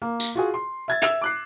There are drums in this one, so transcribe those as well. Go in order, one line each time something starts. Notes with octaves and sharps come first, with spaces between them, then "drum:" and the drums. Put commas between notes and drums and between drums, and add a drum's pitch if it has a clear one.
A#3
drum: tambourine
F4 F#4 G#4
C6
E5 G#6 A6
E5 E6, drum: hi-hat
D6 F#6 C7